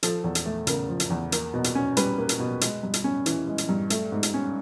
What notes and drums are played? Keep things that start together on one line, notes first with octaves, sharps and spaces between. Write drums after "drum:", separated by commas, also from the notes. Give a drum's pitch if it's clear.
F3 A4, drum: hi-hat
E2
drum: hi-hat
A3
C#3 A#4, drum: hi-hat
F3
drum: hi-hat
E2
A#3, drum: hi-hat
B2
drum: hi-hat
C#4
G3 B4, drum: hi-hat
A#3
drum: hi-hat
B2
G#3, drum: hi-hat
G2
drum: hi-hat
C#4
E3, drum: hi-hat
G#3
drum: hi-hat
G2
A3, drum: hi-hat
G#2
drum: hi-hat
C#4